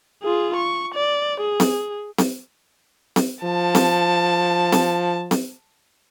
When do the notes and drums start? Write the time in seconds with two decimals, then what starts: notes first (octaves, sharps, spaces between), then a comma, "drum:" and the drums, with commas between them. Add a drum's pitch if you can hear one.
0.23 F4 G#4
0.56 C#6
0.95 D5
1.40 G#4
1.60 drum: snare C4
2.18 drum: snare C4
3.16 drum: snare C4
3.43 F3 A5
3.75 drum: snare C4
4.72 drum: snare C4
5.31 drum: snare C4